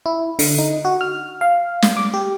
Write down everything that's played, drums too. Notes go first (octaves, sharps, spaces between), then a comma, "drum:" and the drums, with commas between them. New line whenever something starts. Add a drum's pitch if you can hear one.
E4
D3, drum: open hi-hat
D#4
F#4
F6
F5
drum: snare
D6
G4